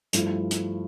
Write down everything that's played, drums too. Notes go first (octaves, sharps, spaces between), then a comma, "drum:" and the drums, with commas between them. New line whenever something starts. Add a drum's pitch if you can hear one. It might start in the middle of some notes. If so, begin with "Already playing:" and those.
G2 F3 A3 E4, drum: hi-hat
drum: hi-hat